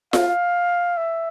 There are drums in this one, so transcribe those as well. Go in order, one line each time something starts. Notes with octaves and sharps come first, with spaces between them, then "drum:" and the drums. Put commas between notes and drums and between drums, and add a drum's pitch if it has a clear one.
F5, drum: snare F4
E5